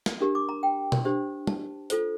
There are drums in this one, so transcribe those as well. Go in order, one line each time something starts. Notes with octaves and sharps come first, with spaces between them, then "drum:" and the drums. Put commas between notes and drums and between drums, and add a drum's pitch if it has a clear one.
drum: snare
D4 G4 A#4
D6
A#5
G5
drum: tom B2
D4 G4 C5
A5, drum: tom
F4 A4 C5, drum: hi-hat